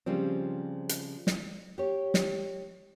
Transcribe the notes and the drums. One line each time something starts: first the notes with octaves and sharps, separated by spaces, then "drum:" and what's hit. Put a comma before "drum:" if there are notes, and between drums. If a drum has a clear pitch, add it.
C#3 F3 G3 C4
drum: hi-hat
drum: snare
G4 C#5
drum: snare